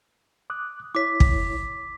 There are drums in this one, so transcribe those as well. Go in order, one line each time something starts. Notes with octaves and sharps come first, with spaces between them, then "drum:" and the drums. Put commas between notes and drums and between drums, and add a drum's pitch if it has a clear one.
D6 D#6 F#6
E4 C#5 D6 B6
drum: kick